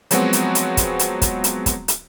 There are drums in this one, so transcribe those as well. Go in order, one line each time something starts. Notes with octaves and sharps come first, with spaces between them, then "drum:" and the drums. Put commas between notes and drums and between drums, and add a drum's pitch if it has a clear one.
F3 F#3 G#3 B3 C4 F#4, drum: hi-hat
drum: hi-hat
drum: hi-hat
drum: kick, hi-hat
drum: hi-hat
drum: kick, hi-hat
drum: hi-hat
drum: kick, hi-hat
drum: hi-hat